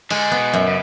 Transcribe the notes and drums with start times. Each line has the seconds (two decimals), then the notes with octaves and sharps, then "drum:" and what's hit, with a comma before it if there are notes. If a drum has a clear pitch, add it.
0.10 D3 G#3, drum: cymbal
0.31 B3
0.39 B2
0.53 F#2
0.67 C#3